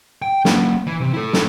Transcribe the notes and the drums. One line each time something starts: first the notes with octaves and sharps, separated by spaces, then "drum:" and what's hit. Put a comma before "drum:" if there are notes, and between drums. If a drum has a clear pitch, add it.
G5
A#3 C#4, drum: snare
E3
C3
E4 A4
drum: snare